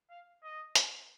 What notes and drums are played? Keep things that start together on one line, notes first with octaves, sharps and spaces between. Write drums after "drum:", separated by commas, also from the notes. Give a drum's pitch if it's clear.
F5
D#5
drum: hi-hat